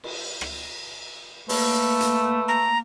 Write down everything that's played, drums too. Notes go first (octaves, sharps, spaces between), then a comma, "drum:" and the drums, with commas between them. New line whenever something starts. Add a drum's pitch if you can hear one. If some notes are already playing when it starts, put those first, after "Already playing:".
drum: cymbal
drum: rim click
A3 A#3 B4, drum: open hi-hat
drum: hi-hat
A#5